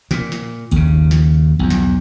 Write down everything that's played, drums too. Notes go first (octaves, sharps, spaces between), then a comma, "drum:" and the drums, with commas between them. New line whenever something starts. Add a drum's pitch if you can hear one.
A#2, drum: snare
drum: snare
D#2 C#3, drum: kick G#1, hi-hat
drum: snare
B1 E2
drum: snare